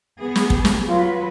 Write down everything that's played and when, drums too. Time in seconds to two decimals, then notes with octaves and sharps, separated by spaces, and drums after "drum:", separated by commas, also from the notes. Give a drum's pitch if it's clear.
0.21 B3 G#4
0.36 drum: snare
0.50 drum: kick
0.65 drum: snare
0.89 F#3 F4 B4